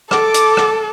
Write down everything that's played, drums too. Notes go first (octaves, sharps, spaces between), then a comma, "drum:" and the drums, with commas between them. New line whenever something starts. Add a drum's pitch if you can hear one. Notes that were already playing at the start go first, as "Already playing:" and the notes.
A4 D6, drum: rim click
drum: hi-hat
drum: rim click